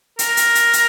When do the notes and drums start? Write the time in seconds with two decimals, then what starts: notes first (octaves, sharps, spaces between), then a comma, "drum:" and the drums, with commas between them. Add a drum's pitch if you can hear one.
0.19 A#4, drum: hi-hat
0.37 drum: hi-hat
0.55 drum: hi-hat
0.73 drum: hi-hat